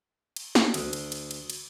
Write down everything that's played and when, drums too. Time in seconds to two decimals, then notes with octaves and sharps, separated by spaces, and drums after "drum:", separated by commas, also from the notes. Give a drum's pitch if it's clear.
0.36 drum: cymbal
0.55 drum: snare
0.74 D2, drum: cymbal
0.93 drum: cymbal
1.12 drum: cymbal
1.31 drum: cymbal
1.50 drum: cymbal